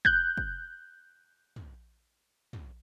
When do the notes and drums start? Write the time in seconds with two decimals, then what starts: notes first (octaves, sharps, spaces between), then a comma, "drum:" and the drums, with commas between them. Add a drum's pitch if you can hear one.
0.05 F#6 G6, drum: kick
0.37 drum: kick
1.56 drum: tom
2.53 drum: tom